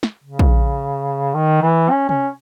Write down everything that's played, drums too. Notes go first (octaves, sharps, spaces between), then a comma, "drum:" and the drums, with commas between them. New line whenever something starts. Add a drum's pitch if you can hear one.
drum: snare
C#3
drum: kick
D#3
E3
C#4
C#4, drum: tom C3